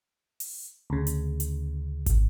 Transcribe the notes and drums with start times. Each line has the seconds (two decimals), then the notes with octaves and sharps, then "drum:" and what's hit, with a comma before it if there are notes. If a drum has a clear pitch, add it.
0.40 drum: open hi-hat
0.90 D2 C#3
1.07 drum: hi-hat
1.40 drum: hi-hat
2.06 drum: kick, hi-hat